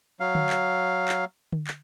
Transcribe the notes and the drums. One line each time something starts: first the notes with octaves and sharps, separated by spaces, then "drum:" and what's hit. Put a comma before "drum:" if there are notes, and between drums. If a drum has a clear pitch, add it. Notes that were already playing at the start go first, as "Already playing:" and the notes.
F#3 F5
drum: tom D3
drum: clap
drum: clap
drum: tom D3
drum: clap